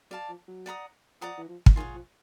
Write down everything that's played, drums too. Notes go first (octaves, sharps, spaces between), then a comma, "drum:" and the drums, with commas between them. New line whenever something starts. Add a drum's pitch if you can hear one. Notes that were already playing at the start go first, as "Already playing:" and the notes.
F#3 D5 F5 A5
F3
F#3
D5 F#5 A#5 D#6
F3 D5 F#5 A#5 D#6
E3
F3
drum: kick
D#3 F4 G#4 C#5 F#5
F3